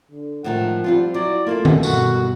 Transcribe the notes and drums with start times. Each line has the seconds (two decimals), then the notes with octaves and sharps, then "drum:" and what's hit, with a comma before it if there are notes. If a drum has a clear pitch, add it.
0.11 D3
0.44 A2 D#3 F3 G#3 F#5
0.84 G3 C4 F4
1.14 F#3 E4 D5
1.47 A3 A#3 E4 F4 A4
1.65 drum: tom
1.83 G2 B2 F#4, drum: tambourine